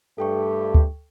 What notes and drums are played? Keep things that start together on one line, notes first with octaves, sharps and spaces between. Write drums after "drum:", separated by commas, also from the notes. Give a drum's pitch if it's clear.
G2 A3 G4 A4 G5 C#6
drum: kick D2